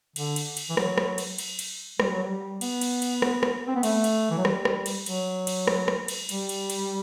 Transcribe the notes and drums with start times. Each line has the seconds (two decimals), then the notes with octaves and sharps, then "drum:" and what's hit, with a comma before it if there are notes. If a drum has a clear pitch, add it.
0.16 D3, drum: cymbal
0.36 drum: cymbal
0.57 drum: cymbal
0.69 E3
0.77 F#3, drum: rim click
0.98 drum: rim click
1.18 drum: cymbal
1.38 drum: cymbal
1.59 drum: cymbal
2.00 G3, drum: rim click
2.11 F#3
2.23 G3
2.61 B3, drum: cymbal
2.81 drum: cymbal
3.02 drum: cymbal
3.22 drum: rim click
3.43 drum: rim click
3.68 C4
3.76 B3
3.83 A3, drum: cymbal
4.04 drum: cymbal
4.31 E3
4.38 F#3
4.45 G3, drum: rim click
4.65 drum: rim click
4.86 drum: cymbal
5.06 F#3, drum: cymbal
5.47 drum: cymbal
5.67 drum: rim click
5.88 drum: rim click
6.08 drum: cymbal
6.29 G3, drum: cymbal
6.49 drum: cymbal
6.70 drum: cymbal